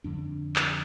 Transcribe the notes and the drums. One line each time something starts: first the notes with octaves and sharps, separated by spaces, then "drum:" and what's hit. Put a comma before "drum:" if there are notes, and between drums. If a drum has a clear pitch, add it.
F2 D3 D4
drum: clap